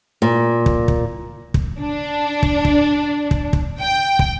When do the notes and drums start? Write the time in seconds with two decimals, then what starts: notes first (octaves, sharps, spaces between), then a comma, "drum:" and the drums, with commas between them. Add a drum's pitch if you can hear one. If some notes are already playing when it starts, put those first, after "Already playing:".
0.22 A#2
0.66 drum: kick
0.88 drum: kick
1.54 drum: kick
1.80 D4
2.43 drum: kick
2.65 drum: kick
3.31 drum: kick
3.53 drum: kick
3.80 G5
4.19 drum: kick